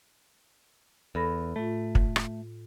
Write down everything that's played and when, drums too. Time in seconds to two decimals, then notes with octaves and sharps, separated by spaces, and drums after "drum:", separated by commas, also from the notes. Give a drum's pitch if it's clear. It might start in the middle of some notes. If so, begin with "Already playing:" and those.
1.15 E2 A4 B5 A#6
1.56 A2 A3 F4
1.95 drum: kick
2.16 drum: rim click